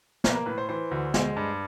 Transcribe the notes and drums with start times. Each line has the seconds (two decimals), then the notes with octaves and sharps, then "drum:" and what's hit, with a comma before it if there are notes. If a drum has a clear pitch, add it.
0.24 A#3, drum: snare
0.29 B4
0.35 A#4
0.46 A2 B4
0.58 C5
0.69 E3 C5
0.91 D2
1.14 G#3, drum: snare
1.36 G2